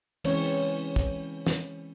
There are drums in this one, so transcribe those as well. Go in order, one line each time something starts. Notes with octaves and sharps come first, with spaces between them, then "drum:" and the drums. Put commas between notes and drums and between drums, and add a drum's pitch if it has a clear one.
E3 G#3 C4 C#4 C#5, drum: cymbal
drum: kick
drum: snare